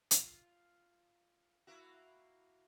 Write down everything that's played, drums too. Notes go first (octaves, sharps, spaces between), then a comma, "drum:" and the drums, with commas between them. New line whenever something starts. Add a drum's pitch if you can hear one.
F4, drum: hi-hat
A#3 E4 F#4